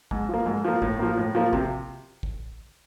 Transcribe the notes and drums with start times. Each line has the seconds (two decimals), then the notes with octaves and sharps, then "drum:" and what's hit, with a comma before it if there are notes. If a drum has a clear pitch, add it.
0.11 G#2, drum: kick
0.29 F3 A#3
0.46 G#2
0.65 F3 A#3
0.82 A2, drum: kick
0.99 F3 A#3
1.17 A2
1.35 F3 A#3
1.53 C3, drum: kick
2.23 drum: kick